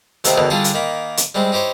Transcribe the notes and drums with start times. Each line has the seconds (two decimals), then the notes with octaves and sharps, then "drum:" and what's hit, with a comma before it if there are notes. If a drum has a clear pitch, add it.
0.24 D#2 C3 D#3 A3 E4 C5, drum: hi-hat
0.38 E2 B2 D3 D#3
0.50 D3 G3 D4 F4 G#4 A4
0.64 drum: hi-hat
0.74 D#3 A#3 B5
1.17 drum: hi-hat
1.35 G3 G#3 C4 E4
1.52 D#4 E4 G4 C5 C#5